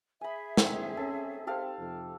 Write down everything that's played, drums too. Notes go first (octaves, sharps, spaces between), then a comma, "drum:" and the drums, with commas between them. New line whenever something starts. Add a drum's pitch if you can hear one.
G#4 E5 G#5 B5
D3 D#3 C4 D#4 E4, drum: snare
C#4 A4
C4 G4 A4 F5
F2 C3